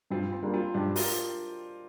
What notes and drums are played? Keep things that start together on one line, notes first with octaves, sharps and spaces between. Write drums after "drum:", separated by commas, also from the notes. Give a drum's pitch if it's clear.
G2 C4 F4
C4
G3 A#3 D4
C4 F4
G2 D4 G4
F4 A#4, drum: open hi-hat